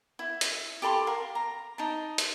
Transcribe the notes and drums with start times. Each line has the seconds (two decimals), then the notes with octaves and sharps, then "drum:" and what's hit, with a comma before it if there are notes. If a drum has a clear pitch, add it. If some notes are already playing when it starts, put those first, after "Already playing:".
0.19 E4
0.41 drum: hi-hat
0.82 G4 A4 B5 C6
1.07 A#4 F5
1.35 A#5
1.78 D#4 A5
2.18 drum: hi-hat